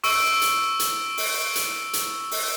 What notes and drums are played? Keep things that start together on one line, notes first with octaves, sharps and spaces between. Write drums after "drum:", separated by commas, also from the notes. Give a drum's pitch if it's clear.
C#6 E6 D7, drum: open hi-hat
drum: hi-hat
drum: hi-hat
drum: open hi-hat
drum: hi-hat
drum: hi-hat
drum: open hi-hat